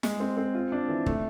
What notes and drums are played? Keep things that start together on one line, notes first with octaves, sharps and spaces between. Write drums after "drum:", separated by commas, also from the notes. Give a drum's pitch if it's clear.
G#3, drum: snare
C4
C4
F4
D4
E3
A3, drum: kick